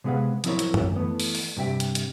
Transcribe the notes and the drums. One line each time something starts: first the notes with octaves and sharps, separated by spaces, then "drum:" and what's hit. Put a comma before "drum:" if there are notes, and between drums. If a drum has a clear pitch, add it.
C3 G#3 B3 G#4 F5 F#5
F3 F#3 C4 E4 A#4 C#5, drum: hi-hat
drum: hi-hat
drum: tom F#2
E3 A3 B3
drum: open hi-hat
drum: open hi-hat
G2 C3 G4 E5 G5
drum: hi-hat
drum: hi-hat